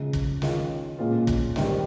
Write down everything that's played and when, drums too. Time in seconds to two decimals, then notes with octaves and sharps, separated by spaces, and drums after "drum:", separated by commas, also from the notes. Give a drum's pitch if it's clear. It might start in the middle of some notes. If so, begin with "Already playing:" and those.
Already playing: C#3 F3 G#3 D#4
0.13 drum: kick
0.42 D#3 G#3 C#4 F4, drum: snare
0.99 A#2 G#3 C#4 F4
1.27 drum: kick
1.56 G#2 D#3 G3, drum: snare